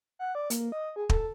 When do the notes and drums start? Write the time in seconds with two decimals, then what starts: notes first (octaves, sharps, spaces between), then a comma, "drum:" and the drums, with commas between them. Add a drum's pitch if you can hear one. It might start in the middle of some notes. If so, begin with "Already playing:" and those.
0.19 F#5
0.35 D5
0.50 A#3, drum: hi-hat
0.72 D#5
0.96 G#4
1.10 A4, drum: kick